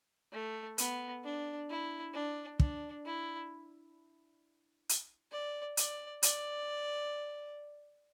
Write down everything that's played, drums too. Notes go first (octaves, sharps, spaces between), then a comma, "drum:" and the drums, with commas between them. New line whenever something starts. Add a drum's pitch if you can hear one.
A3
B3, drum: hi-hat
D4
E4
D4
D4, drum: kick
E4
drum: hi-hat
D5
D5, drum: hi-hat
D5, drum: hi-hat